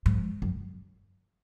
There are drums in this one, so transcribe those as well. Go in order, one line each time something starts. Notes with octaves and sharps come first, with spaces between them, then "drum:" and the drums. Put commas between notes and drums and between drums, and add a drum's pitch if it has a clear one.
G#2, drum: tom F3
F#2